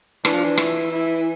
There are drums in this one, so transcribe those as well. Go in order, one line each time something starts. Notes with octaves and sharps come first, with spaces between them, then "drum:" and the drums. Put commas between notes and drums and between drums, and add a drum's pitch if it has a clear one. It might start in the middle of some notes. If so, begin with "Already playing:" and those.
E3 D4, drum: rim click
F3
E3
E4, drum: rim click
E4